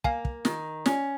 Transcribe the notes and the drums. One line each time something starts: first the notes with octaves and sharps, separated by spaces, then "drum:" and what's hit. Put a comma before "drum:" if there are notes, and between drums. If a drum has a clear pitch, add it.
A#3 F5 G#5, drum: kick
drum: kick
D#3, drum: snare
C#4, drum: snare